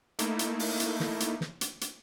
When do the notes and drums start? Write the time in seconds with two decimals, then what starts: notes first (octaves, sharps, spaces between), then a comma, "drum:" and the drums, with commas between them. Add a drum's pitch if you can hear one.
0.19 A3 A#3 D#4 E4, drum: hi-hat
0.39 drum: hi-hat
0.59 drum: open hi-hat
0.80 drum: hi-hat
1.00 drum: snare
1.20 drum: hi-hat
1.41 drum: snare
1.61 drum: hi-hat
1.81 drum: hi-hat